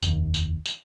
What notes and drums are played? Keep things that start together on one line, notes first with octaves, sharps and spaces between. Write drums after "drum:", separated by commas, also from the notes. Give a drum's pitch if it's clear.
F1 D#2, drum: tambourine
drum: tambourine
drum: tambourine